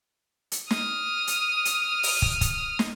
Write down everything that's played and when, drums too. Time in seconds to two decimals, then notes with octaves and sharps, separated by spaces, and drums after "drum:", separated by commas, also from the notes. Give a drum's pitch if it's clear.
0.52 drum: hi-hat
0.71 D#6 F6, drum: snare
1.27 drum: hi-hat
1.65 drum: hi-hat
2.03 drum: open hi-hat
2.22 drum: kick
2.41 drum: kick, hi-hat
2.79 drum: snare